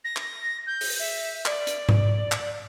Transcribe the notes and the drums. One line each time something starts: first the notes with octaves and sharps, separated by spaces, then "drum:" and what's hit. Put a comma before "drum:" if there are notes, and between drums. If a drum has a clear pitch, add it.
A#6
drum: clap
G6
drum: open hi-hat
E5
D5, drum: clap
drum: hi-hat
drum: tom G#2
drum: clap